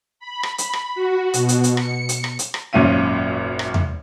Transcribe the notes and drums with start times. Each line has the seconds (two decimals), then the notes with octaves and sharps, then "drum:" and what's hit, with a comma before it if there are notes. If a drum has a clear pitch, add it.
0.20 B5
0.43 drum: rim click
0.58 B5, drum: hi-hat
0.73 drum: rim click
0.95 F#4
1.34 B2, drum: hi-hat
1.49 drum: hi-hat
1.64 drum: hi-hat
1.77 C#7, drum: rim click
2.09 drum: hi-hat
2.24 drum: rim click
2.39 drum: hi-hat
2.54 drum: rim click
2.73 G#1 F#2 A#2 C#4 E5 D#7
3.59 drum: rim click
3.74 drum: tom E2